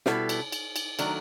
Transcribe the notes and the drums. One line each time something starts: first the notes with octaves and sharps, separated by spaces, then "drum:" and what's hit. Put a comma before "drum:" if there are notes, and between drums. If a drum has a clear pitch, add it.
B2 G3 B3 E4 A4, drum: snare
drum: cymbal
drum: cymbal
drum: cymbal
D#3 F#3 A3 D4, drum: cymbal